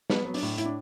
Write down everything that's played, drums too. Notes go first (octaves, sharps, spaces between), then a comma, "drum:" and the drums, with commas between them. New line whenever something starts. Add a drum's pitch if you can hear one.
F#3 B3, drum: snare
F#3 B3
D4, drum: open hi-hat
A2
A2 E4, drum: hi-hat
D4